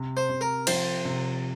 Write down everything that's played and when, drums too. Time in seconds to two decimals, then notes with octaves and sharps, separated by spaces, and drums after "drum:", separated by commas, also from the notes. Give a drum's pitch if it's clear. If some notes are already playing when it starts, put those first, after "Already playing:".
Already playing: C3
0.17 C5
0.29 C3
0.41 A#4
0.67 F3 C5, drum: cymbal
1.05 C3